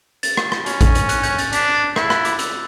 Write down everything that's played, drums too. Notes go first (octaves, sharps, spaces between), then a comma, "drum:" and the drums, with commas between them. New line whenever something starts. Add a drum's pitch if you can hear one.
A6, drum: hi-hat
drum: rim click
drum: rim click
C#4, drum: hi-hat
drum: kick A1, hi-hat
drum: hi-hat
F#6, drum: hi-hat
G6, drum: hi-hat
A6, drum: hi-hat
D4 B6, drum: hi-hat
A6
E4 G6, drum: rim click
F#6, drum: rim click
D6, drum: hi-hat
E6, drum: hi-hat